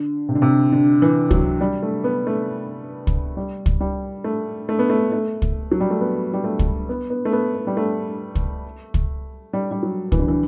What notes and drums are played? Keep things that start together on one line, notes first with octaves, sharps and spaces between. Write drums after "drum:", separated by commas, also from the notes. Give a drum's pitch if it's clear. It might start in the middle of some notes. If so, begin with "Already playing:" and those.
Already playing: D3
C3
D3
C3
D3
E3
F#3, drum: kick
G3
A3
B3
A3
drum: kick
G3
drum: kick
G3
A3
A3
B3
A3
A3
drum: kick
F#3
G3
A3
B3
G3
A3
drum: kick
B3
B3
A3
B3
B3
G3
A3
drum: kick
drum: kick
G3
G3
F#3
E3, drum: kick
D3
E3